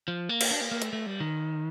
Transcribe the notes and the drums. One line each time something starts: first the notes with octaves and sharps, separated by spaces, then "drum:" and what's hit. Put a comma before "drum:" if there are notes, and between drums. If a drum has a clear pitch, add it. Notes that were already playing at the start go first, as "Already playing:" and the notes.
F3
A#3
drum: cymbal
D4
A#3
A#3
A3, drum: hi-hat
A3
G3
D#3